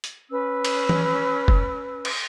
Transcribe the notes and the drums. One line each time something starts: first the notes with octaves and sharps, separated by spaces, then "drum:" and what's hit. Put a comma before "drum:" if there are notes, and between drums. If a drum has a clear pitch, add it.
drum: hi-hat
C#4 B4 E6
drum: cymbal
drum: tom E3
drum: kick F#1
drum: cymbal